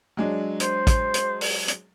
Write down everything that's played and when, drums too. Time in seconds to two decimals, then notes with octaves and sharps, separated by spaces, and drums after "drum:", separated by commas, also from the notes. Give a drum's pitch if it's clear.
0.17 F#3 G#3 D4
0.60 C5, drum: hi-hat
0.87 drum: kick, hi-hat
1.14 drum: hi-hat
1.41 drum: open hi-hat
1.68 drum: hi-hat